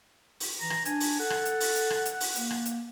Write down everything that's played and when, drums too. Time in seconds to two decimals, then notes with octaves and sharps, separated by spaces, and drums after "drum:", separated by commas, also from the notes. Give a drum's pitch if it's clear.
0.40 drum: open hi-hat
0.61 E3 A#5
0.70 drum: rim click
0.85 D4 G#5, drum: hi-hat
1.00 drum: open hi-hat
1.20 A4 F#5
1.30 drum: rim click
1.45 drum: hi-hat
1.60 drum: open hi-hat
1.75 drum: hi-hat
1.90 drum: rim click
2.05 drum: hi-hat
2.20 drum: open hi-hat
2.35 A#3, drum: hi-hat
2.50 drum: rim click
2.65 drum: hi-hat